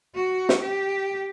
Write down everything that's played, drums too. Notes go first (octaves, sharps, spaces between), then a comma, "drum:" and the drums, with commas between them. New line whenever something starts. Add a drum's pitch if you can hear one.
F#4
drum: snare
G4